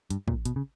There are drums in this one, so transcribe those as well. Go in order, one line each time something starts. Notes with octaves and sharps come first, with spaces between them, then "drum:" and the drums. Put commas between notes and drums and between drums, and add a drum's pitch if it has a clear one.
G2, drum: hi-hat
A#2, drum: kick
B2, drum: hi-hat
C#3